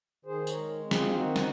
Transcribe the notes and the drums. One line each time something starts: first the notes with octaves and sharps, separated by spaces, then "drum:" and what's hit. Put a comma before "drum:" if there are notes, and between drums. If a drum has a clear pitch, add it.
D#3 G#4 C5
A#4 C#5, drum: tambourine
G#3
C4
F4 G#4, drum: snare
D#3 D#4 F#4
drum: snare